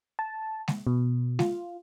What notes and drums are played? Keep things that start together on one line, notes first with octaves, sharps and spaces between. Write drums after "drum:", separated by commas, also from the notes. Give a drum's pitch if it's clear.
A5
drum: snare G#3
B2
F4, drum: snare G#3